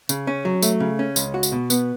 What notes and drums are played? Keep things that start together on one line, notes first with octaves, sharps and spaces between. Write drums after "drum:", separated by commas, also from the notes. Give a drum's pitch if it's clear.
C#3, drum: tambourine
C#4
F#3
A3, drum: tambourine
C#3
C#4
C#2, drum: tambourine
F#4
drum: tambourine
B2
B3, drum: tambourine